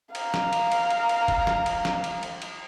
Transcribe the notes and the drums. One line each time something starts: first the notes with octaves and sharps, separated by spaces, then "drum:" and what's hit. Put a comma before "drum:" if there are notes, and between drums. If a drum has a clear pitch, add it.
F5 A#5, drum: cymbal
drum: snare
drum: cymbal
drum: cymbal
drum: cymbal
drum: cymbal
drum: kick, cymbal
drum: snare
drum: cymbal
drum: snare
drum: cymbal
drum: cymbal
drum: cymbal